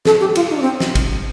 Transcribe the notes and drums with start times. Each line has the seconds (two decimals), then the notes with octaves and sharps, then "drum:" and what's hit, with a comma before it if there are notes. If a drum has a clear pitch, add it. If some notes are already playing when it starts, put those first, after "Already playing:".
0.05 A4, drum: snare
0.21 G4
0.35 F4, drum: cymbal
0.51 D#4
0.57 D4
0.62 C4
0.80 drum: snare
0.95 drum: kick, cymbal